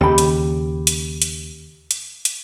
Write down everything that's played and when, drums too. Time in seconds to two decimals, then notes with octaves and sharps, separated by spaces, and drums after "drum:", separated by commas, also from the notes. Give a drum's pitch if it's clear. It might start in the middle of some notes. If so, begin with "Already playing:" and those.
0.01 D#2 C#3 G4 B5
0.18 drum: hi-hat
0.87 drum: hi-hat
1.22 drum: hi-hat
1.91 drum: hi-hat
2.25 drum: hi-hat